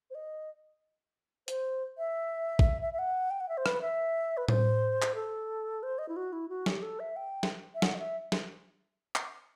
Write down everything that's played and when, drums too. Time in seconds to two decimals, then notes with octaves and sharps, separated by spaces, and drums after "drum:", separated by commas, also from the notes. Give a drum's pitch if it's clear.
0.10 C5
0.15 D#5
1.48 C5, drum: hi-hat
1.98 E5
2.59 drum: kick
2.82 E5
2.93 E5
2.99 F#5
3.31 G5
3.40 F#5
3.49 E5
3.57 C5
3.66 B4, drum: rim click
3.82 E5
4.37 B4
4.48 C5, drum: tom A2
5.02 drum: clap
5.15 A4
5.83 C5
5.98 D#5
6.09 E4
6.16 F#4
6.33 E4
6.49 F#4
6.66 G4, drum: snare
6.83 A4
7.00 E5
7.16 G5
7.43 drum: snare
7.75 E5
7.82 F#5, drum: snare
7.95 D#5
7.99 E5
8.32 drum: snare
9.15 drum: clap